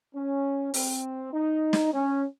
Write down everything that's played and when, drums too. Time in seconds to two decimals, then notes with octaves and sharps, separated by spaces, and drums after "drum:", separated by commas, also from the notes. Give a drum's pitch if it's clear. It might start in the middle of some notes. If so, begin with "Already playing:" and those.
0.14 C#4
0.74 C4, drum: open hi-hat
1.33 D#4
1.73 drum: snare
1.93 C#4